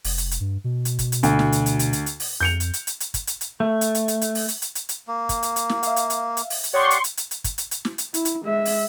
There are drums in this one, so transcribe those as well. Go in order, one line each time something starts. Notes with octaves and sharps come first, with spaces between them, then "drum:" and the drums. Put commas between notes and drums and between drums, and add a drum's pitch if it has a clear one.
F1, drum: open hi-hat
drum: hi-hat
drum: hi-hat
G2
B2
drum: hi-hat
drum: kick, hi-hat
drum: hi-hat
D2, drum: hi-hat
drum: snare
drum: hi-hat
drum: hi-hat
drum: hi-hat
drum: hi-hat
drum: hi-hat
drum: open hi-hat
F2 G6 C#7 F7
drum: hi-hat
drum: hi-hat
drum: hi-hat
drum: hi-hat
drum: kick, hi-hat
drum: hi-hat
drum: hi-hat
A3
drum: hi-hat
drum: hi-hat
drum: hi-hat
drum: hi-hat
drum: open hi-hat
drum: hi-hat
drum: hi-hat
drum: hi-hat
drum: hi-hat
A#3
drum: kick, hi-hat
drum: hi-hat
drum: hi-hat
drum: snare
E5 F5, drum: hi-hat
drum: hi-hat
drum: hi-hat
drum: hi-hat
drum: open hi-hat
drum: hi-hat
G4 C#5 D5 F#5 C6 C#6 D#6 G6
drum: hi-hat
drum: hi-hat
drum: hi-hat
drum: hi-hat
drum: kick, hi-hat
drum: hi-hat
drum: hi-hat
drum: snare
drum: hi-hat
E4, drum: hi-hat
drum: hi-hat
G#3 E5
drum: open hi-hat